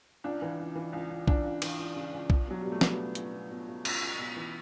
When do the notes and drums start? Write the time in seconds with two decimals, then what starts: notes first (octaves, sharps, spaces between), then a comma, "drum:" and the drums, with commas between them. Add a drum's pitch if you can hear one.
0.24 C#2 D4
0.42 E3
0.59 C#2
0.76 E3
0.93 C#2
1.10 C#2
1.28 C#2 D4, drum: kick B1
1.45 C#2
1.62 E3, drum: cymbal
1.78 C#2
1.96 C#3
2.14 C#2
2.30 C#2, drum: kick B1
2.47 B2 F#3
2.61 B2 G3
2.72 A3
2.81 B2 B3, drum: snare
2.99 C#2
3.15 C#2, drum: hi-hat
3.33 B2
3.51 B2
3.67 B2
3.85 C#2, drum: cymbal
4.01 C#2
4.19 B2
4.36 E3